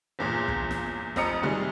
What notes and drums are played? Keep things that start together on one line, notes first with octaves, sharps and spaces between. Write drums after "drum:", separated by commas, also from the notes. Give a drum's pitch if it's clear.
G1 E2 A#2
drum: kick
drum: snare
F1 F2 D#5 A#5 D#6 C#7, drum: snare
C3 D#3 G3 G#3